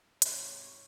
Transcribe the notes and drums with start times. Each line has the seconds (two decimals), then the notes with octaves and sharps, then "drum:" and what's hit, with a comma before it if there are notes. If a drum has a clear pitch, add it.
0.22 G#2 C3 C#5, drum: hi-hat